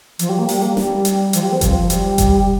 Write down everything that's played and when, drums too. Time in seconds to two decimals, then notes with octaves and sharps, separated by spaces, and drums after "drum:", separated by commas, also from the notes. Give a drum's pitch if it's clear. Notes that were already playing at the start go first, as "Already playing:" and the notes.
0.19 F3, drum: hi-hat
0.29 G3
0.39 A#3
0.49 G3, drum: open hi-hat
0.62 A#3
0.77 G3, drum: snare
1.05 drum: hi-hat
1.33 F3, drum: hi-hat
1.42 G3
1.52 C4
1.61 F3, drum: kick F#1, hi-hat
1.90 G3, drum: hi-hat
2.18 drum: kick F#1, hi-hat